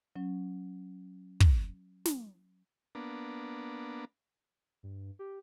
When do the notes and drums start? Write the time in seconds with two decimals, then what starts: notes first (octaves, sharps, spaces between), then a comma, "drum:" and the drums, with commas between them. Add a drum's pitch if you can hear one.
0.16 F#3 C#4
1.40 drum: kick
2.05 drum: snare
2.95 A#3 B3 D4
4.83 G2
5.19 G4